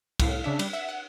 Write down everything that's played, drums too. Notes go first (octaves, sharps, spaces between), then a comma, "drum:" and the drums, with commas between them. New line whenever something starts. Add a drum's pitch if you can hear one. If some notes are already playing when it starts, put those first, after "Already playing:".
C2 A2 F5, drum: kick, cymbal
C#3 D4 E5
G3, drum: cymbal
E5 F#5
F#5